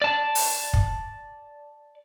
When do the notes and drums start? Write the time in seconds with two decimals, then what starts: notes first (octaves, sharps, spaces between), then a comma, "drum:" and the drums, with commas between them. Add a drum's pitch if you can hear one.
0.02 D5 A5
0.35 drum: open hi-hat
0.73 drum: kick